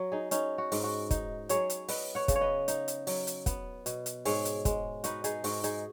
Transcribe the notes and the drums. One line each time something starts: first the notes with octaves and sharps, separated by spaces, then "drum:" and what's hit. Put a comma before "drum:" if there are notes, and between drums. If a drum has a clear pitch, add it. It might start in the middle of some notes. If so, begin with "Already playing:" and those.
Already playing: F#3 F#4
D#4 G#4
C#4 D#4, drum: hi-hat
F#4
G#2, drum: open hi-hat
F#4
D#4, drum: kick, hi-hat
F#3 G#4 C#5, drum: hi-hat
drum: hi-hat
B3 B4 D#5, drum: open hi-hat
C#5 F#5
C#3, drum: kick, hi-hat
C#5
B4 D#5
D#4, drum: hi-hat
drum: hi-hat
F#3, drum: open hi-hat
drum: hi-hat
B3, drum: kick, hi-hat
B2, drum: hi-hat
drum: hi-hat
G#2 G#4 C#5, drum: open hi-hat
drum: hi-hat
G#3, drum: kick, hi-hat
D#4 F#4 B4, drum: hi-hat
D#4 G#4, drum: hi-hat
G#2 F#4, drum: open hi-hat
D#4 G#4, drum: hi-hat